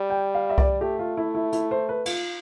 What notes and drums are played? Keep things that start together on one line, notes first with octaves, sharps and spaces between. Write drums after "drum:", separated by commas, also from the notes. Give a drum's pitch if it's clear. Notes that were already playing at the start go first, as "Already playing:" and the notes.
Already playing: G3
G5
F5
E5
D5, drum: kick C2
A3 G4
F4
E4
E4
E4, drum: hi-hat
C5
B4
F4, drum: cymbal